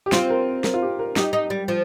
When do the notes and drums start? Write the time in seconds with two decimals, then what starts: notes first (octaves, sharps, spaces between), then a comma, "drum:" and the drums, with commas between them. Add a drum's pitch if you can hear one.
0.06 G4
0.12 C4 F4, drum: snare
0.30 A#4
0.64 A#4, drum: snare
0.74 F4
0.82 G4
0.99 A#4
1.16 D#4 G4, drum: snare
1.33 D#4
1.50 G3
1.68 F3